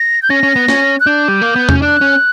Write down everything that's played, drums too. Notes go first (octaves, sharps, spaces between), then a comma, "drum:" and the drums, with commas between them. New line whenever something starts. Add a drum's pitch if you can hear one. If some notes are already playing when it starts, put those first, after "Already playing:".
Already playing: A#6
G6
C#4 A#6
C#4
B3
C#4, drum: snare
F#6
D4 G6
G3
A#3
B3
C#4, drum: tom
D4 F#6
C#4